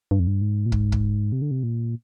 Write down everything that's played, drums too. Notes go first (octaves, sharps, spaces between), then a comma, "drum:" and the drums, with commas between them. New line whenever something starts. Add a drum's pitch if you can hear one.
G2
F2
G2
G#2
A#2
G#2, drum: kick
drum: kick
C3
D3
C3
A#2